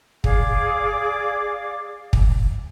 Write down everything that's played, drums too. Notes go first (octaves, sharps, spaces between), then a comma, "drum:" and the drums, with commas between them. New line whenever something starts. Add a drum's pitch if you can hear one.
G#4 D5 F5 D6, drum: kick
drum: kick